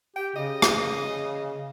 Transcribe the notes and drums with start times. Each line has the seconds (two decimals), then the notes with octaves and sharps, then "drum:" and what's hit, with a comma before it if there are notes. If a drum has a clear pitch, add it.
0.16 G4 G5
0.36 C#3 D#5
0.62 drum: rim click